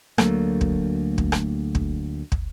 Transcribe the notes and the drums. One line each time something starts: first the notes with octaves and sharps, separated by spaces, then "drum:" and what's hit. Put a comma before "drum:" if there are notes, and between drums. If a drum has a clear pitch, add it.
D2 F#3 A3 A#3, drum: rim click
drum: kick
drum: kick
drum: rim click
drum: kick
drum: kick